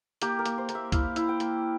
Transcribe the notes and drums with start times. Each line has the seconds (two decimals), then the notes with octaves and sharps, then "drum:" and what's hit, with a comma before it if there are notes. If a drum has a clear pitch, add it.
0.22 A#3 G4, drum: hi-hat
0.39 A#4
0.46 A#3, drum: hi-hat
0.58 C5
0.69 A#3, drum: hi-hat
0.75 E5
0.92 E4 F5, drum: kick, hi-hat
1.16 E4, drum: hi-hat
1.29 G5
1.40 A#3, drum: hi-hat